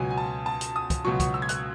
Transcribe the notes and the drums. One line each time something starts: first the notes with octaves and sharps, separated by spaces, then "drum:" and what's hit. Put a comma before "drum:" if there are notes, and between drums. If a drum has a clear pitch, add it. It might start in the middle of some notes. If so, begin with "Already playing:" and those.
Already playing: C#2 B2 F#3 G#5
G#5
A5
A5
drum: hi-hat
D#6
drum: kick, hi-hat
C#2 B2 F#3 C#6
C#6, drum: kick, hi-hat
E6
G#6
F#6, drum: hi-hat